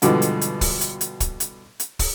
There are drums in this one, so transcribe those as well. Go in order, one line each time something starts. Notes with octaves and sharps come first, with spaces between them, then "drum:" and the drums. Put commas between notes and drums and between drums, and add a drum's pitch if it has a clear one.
G2 B2 D3 E3 F3 G#3, drum: hi-hat
drum: hi-hat
drum: hi-hat
drum: kick, open hi-hat
drum: hi-hat
drum: hi-hat
drum: kick, hi-hat
drum: hi-hat
drum: hi-hat
drum: kick, open hi-hat